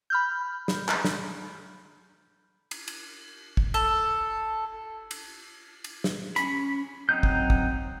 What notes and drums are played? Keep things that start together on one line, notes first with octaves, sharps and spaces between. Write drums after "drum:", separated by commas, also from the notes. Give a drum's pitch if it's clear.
B5 F6 G6
drum: snare
drum: clap
drum: snare
drum: cymbal
drum: cymbal
drum: kick
A4
drum: cymbal
drum: cymbal
drum: snare
C#4 B5, drum: hi-hat
F#3 C4 D#4 G6
drum: kick
drum: kick